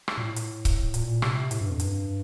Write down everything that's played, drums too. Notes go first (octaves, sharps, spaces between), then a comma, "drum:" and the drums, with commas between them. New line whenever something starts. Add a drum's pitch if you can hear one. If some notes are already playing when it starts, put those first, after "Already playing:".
drum: rim click
A#2
A2
drum: hi-hat
drum: kick C#1, hi-hat
A#2, drum: hi-hat
C3, drum: rim click
A2, drum: hi-hat
G2
F2
G2, drum: hi-hat